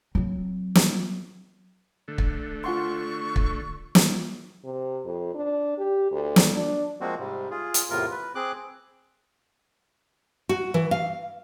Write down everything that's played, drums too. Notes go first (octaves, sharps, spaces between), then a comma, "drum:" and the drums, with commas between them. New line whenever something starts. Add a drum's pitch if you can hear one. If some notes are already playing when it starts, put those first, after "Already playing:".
F#3 C4
drum: snare
D3 A3
drum: kick
F4 F#5 C6 C#6
drum: kick
drum: snare
C3
F2
D4
G4
D2
drum: snare
D4
F3 G#3 A#3 C4 F#4
G#2 C3 G3
F4 G#4
drum: hi-hat
E2 A2 C3 F4 A#4
B4
C4 G#4 D6 F#6
F#4
E3
F5